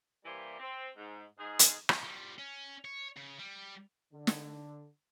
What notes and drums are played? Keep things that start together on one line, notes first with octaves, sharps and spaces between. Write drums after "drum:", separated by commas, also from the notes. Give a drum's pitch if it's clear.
E3 G3 A#3 E4 G4 C5
C4
G#2
G#2 G#4
drum: hi-hat
drum: rim click
F3 G3
C#4
C#5
C#3
G3
D3
drum: snare